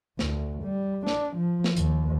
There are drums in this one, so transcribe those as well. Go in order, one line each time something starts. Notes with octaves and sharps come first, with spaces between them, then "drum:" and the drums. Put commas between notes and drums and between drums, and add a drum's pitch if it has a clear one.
D2, drum: snare
G3
D4, drum: snare
F3
drum: snare
D#2, drum: hi-hat